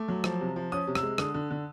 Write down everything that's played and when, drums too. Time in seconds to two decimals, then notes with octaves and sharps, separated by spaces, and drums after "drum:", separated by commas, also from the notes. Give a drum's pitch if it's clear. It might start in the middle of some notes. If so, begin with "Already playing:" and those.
Already playing: A3 D6
0.08 F#3
0.24 F3, drum: rim click
0.41 C3
0.56 F3
0.72 C#4 D#6
0.87 C3
0.95 E6, drum: rim click
1.03 G#3
1.18 D3 D#6, drum: rim click
1.34 D3
1.51 D3